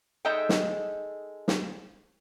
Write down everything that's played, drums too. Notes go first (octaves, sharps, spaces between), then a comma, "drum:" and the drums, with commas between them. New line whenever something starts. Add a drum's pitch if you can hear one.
G#3 D#4 A4 D#5 E5 G5
drum: snare
drum: snare